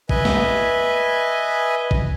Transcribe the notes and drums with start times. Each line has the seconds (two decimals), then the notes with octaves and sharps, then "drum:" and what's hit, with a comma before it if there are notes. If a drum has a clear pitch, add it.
0.09 B4 D#5 E5 G#5, drum: kick
0.25 drum: snare
1.91 drum: kick